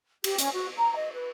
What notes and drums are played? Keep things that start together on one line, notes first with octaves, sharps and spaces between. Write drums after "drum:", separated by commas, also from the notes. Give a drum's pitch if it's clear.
G4, drum: cymbal
C#4, drum: hi-hat
F#4
A#5
D#5
B4